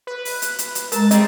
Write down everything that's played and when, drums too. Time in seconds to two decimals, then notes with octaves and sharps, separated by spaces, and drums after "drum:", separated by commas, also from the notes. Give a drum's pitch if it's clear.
0.07 B4
0.25 drum: open hi-hat
0.42 drum: hi-hat
0.59 drum: hi-hat
0.75 drum: hi-hat
0.92 G#3 A#4 A5 A#5 A6, drum: hi-hat
1.11 G3 C4 G#4 D#5 A#5, drum: hi-hat